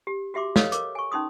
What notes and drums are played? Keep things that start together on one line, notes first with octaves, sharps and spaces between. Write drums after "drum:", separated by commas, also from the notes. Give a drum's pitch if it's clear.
G4
F#4 G4 E5 C6 D6
A4 B4 C#5 D#5 F5, drum: snare
A#4 D6, drum: hi-hat
G#5 C#6
C#4 D#4 C6 D#6